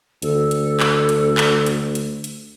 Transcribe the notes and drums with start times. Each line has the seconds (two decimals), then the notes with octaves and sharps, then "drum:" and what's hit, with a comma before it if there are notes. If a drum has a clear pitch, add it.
0.22 D2 A4, drum: hi-hat
0.51 drum: hi-hat
0.80 drum: clap
1.09 drum: hi-hat
1.38 drum: clap
1.66 drum: hi-hat
1.95 drum: hi-hat
2.24 drum: hi-hat